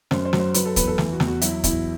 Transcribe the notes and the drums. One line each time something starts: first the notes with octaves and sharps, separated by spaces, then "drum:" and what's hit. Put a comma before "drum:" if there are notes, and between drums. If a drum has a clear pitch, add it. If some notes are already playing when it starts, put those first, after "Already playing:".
F#2 C5, drum: snare
C5
F#3, drum: snare
C5
F#3 B4, drum: hi-hat
A4
E2 B4, drum: kick, hi-hat
A4
E3, drum: snare
F#4
E2, drum: snare
F#4
F#3 E4, drum: hi-hat
E2 E4, drum: kick, hi-hat